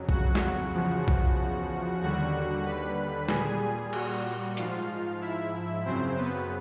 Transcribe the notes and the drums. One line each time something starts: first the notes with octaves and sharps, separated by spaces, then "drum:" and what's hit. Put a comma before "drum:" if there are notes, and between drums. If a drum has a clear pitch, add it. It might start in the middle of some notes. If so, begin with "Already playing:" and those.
Already playing: F2 C#3 F#3
F#4 F#5, drum: kick B1
drum: snare
E2 C#3 F3
drum: kick B1
D#2 D3 G3 F#4 F#5
B4 B5
A#2 G3 G#4 G#5, drum: snare
F#4 F#5, drum: cymbal
G#2 F3 F4 F5, drum: hi-hat
E4 E5
F#2 C#3 F#3 C4 C5
B3 B4